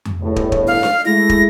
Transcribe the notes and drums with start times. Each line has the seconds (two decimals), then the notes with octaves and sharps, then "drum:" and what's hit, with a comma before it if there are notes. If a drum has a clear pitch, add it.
0.05 drum: tom F2
0.21 G1 E2 A2
0.36 drum: kick
0.52 drum: kick
0.67 F5
0.83 drum: snare D4
1.06 G#3 A3 E4 A#6
1.30 drum: kick